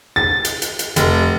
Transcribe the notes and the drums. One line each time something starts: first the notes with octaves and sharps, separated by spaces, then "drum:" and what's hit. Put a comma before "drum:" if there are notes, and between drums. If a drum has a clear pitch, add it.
A6
drum: hi-hat
drum: hi-hat
drum: hi-hat
F1, drum: hi-hat